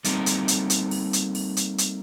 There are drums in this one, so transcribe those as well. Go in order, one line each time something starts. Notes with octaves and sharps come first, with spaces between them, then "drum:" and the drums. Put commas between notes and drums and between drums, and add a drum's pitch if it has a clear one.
G3 A3 A#3 C4 D#4, drum: hi-hat
drum: hi-hat
drum: hi-hat
drum: hi-hat
drum: open hi-hat
drum: hi-hat
drum: open hi-hat
drum: hi-hat
drum: hi-hat